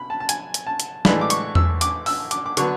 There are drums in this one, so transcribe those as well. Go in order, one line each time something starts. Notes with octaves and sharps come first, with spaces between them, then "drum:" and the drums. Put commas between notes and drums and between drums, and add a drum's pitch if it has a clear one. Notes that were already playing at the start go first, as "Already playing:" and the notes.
Already playing: B2 B5
A5
A5
G#5, drum: hi-hat
drum: hi-hat
A5
drum: hi-hat
A2 E3 G#3 D4 B5, drum: snare
D6
C#6, drum: hi-hat
E6, drum: tom E2
D6, drum: hi-hat
E6, drum: open hi-hat
D6, drum: hi-hat
D6
D3 F#3 B3 C#6, drum: hi-hat